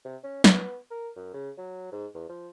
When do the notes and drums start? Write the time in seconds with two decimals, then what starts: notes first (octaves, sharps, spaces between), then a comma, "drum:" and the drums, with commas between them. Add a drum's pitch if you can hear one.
0.05 C3
0.24 C#4
0.44 B3, drum: snare
0.91 A#4
1.16 F#2
1.34 C#3
1.58 F#3
1.92 G#2
2.14 E2
2.29 F3